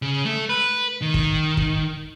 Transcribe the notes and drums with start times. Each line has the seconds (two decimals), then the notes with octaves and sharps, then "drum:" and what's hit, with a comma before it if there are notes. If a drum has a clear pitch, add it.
0.02 C#3
0.25 A3
0.49 B4
1.02 D#3
1.14 drum: kick
1.57 drum: kick